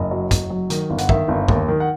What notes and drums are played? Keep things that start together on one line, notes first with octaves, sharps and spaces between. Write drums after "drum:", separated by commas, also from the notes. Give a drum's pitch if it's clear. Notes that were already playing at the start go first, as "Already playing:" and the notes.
Already playing: F#1 D#5
F#3
F#1, drum: kick, hi-hat
F#3
D#3, drum: hi-hat
G1
F#5, drum: hi-hat
D#3 E5, drum: kick
G1
D#2, drum: kick
D#3
F#5